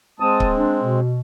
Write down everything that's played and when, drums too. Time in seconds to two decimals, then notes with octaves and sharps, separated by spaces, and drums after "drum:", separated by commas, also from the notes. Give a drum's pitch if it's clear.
0.20 G#3 C4 A5 D#6
0.40 drum: kick C#1
0.56 D4
0.83 B2